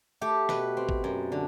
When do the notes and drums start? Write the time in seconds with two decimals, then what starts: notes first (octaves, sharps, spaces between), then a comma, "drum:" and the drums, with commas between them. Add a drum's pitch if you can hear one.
0.21 A3 G4
0.49 B2 B4, drum: snare
0.77 C4
0.89 drum: kick G#1
1.04 F#2
1.32 D3